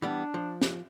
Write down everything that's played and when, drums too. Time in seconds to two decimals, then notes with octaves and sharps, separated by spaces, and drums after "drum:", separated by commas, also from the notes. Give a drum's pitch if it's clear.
0.02 E3 G3 B3 D4
0.34 F3
0.62 drum: snare